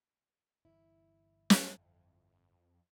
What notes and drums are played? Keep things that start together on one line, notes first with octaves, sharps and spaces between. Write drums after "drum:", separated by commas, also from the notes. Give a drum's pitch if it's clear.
G1 E3 E4
F2, drum: snare